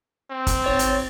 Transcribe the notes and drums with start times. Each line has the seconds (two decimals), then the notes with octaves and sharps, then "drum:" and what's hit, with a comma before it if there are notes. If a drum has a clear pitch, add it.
0.30 C4
0.47 drum: kick, hi-hat
0.64 G#1 C#5 A6
0.79 drum: hi-hat